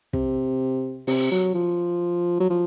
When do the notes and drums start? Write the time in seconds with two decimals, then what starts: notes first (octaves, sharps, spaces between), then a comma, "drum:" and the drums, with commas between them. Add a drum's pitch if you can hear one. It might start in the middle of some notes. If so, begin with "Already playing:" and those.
0.13 C3, drum: kick
1.07 C3, drum: open hi-hat
1.31 F#3
1.54 F3
2.40 F#3
2.49 F3